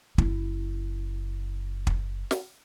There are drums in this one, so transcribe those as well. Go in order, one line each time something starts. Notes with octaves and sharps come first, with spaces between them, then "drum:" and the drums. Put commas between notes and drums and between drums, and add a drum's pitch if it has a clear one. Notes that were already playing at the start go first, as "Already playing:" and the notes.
F#1 E4, drum: kick
drum: kick
drum: snare